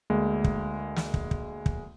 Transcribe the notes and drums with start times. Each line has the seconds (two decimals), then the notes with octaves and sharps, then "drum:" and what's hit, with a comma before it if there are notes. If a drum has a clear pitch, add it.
0.10 D2 G#3 A#3
0.44 drum: kick
0.96 drum: snare
1.14 drum: kick
1.31 drum: kick
1.66 drum: kick